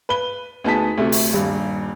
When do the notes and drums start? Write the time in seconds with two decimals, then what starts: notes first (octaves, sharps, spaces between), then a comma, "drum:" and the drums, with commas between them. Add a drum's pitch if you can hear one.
0.09 B4 G7
0.64 D2 B3 D#4 G#4 A5 B6
0.98 D2 C3 A3
1.12 drum: open hi-hat
1.33 D#1 G2